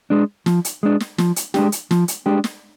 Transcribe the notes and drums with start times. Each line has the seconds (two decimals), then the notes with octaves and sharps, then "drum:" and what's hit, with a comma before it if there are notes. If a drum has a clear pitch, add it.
0.10 G#3 D4
0.46 F3, drum: snare
0.65 drum: hi-hat
0.83 G#3 D4
1.00 drum: snare
1.18 F3, drum: snare
1.36 drum: hi-hat
1.54 G#3 D4 G4, drum: snare
1.72 drum: hi-hat
1.91 F3, drum: snare
2.08 drum: hi-hat
2.26 G#3 D4 G4
2.44 drum: snare